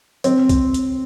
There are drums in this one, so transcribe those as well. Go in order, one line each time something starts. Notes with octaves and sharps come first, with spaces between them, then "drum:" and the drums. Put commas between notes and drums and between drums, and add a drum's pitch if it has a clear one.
C4, drum: hi-hat
drum: kick, hi-hat
drum: hi-hat